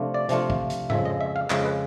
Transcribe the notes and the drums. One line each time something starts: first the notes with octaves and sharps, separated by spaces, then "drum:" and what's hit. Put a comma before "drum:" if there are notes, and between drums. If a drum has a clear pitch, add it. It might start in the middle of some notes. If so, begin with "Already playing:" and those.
Already playing: C3 F3 A3 D4 F4
D5
C3 F3 A3 D4 F4, drum: hi-hat
drum: kick
drum: hi-hat
F2 C#3 F3 G#3 E5, drum: tom G#2
D#5
E5
F5
F2 C#3 F3 G#3 E5, drum: clap
B4